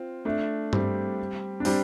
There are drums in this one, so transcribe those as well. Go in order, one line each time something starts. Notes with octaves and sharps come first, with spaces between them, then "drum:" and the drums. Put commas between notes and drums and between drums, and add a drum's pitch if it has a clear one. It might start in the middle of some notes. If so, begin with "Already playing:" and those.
Already playing: C4 F4
A3 D4
G3 C4, drum: tom G2
D4
G3 C4, drum: open hi-hat